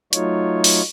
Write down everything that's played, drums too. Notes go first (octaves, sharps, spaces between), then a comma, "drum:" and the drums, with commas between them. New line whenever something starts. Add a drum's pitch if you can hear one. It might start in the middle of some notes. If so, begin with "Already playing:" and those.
F#3 A3 D#4 F4 C#5, drum: hi-hat
drum: open hi-hat